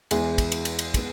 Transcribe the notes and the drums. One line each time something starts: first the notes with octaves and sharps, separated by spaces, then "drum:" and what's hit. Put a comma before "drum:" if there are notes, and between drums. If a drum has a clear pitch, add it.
E2 E3 G#3, drum: cymbal
drum: kick, cymbal
drum: cymbal
drum: cymbal
drum: cymbal
G#3 B3, drum: kick, cymbal